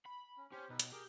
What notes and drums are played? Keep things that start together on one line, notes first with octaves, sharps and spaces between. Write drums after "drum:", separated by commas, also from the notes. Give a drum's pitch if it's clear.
B5
C#4
C#4 G4 C5
B1 D#4 B4
drum: hi-hat
G4 G#4 A#4